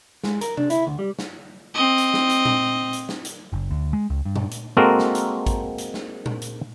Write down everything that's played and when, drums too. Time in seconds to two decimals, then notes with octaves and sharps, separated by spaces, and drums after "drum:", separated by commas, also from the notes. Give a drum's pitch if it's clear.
0.23 G#3, drum: snare
0.41 A#4, drum: hi-hat
0.57 D4, drum: tom C3
0.70 E4, drum: hi-hat
0.87 D2
0.99 G3
1.19 drum: snare
1.75 C4 D#5
1.98 drum: hi-hat
2.14 drum: snare
2.30 drum: hi-hat
2.45 drum: tom A#2
2.93 drum: hi-hat
3.09 drum: snare
3.25 drum: hi-hat
3.53 F#1
3.71 D2
3.93 G#3
4.10 C#2
4.25 G2
4.36 drum: tom A#2
4.51 drum: hi-hat
4.77 G#3 A#3 C4 F#4 A4 A#4
4.99 drum: snare
5.15 drum: hi-hat
5.46 drum: kick A1, hi-hat
5.78 drum: hi-hat
5.94 drum: snare
6.26 drum: tom A#2
6.42 drum: hi-hat